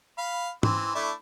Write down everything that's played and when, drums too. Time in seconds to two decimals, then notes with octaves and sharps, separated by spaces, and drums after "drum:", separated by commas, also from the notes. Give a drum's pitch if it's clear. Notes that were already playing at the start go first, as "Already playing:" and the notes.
0.18 F5 B5
0.63 E3 C4, drum: tom G#2
0.95 A3 D4 E4